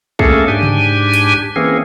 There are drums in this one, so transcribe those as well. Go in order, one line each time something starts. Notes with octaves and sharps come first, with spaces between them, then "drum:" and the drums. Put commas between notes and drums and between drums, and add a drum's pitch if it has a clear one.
A3 A#3 C#4 G#4 A4, drum: kick B1
G#2 D4 G4 G#5
drum: tom C3
drum: hi-hat
E3 A#3 C4 C#4 G#4